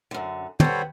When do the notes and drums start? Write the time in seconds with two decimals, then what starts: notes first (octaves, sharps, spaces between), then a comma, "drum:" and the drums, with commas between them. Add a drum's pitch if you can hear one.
0.11 F#2 D3
0.60 G3 B3 A4 C5 C#5, drum: tom